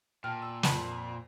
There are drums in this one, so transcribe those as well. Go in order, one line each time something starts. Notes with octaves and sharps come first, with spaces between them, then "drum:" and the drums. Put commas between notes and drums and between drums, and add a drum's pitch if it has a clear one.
A#2 G5 A5 F6
E6
F2 A5 F#7, drum: snare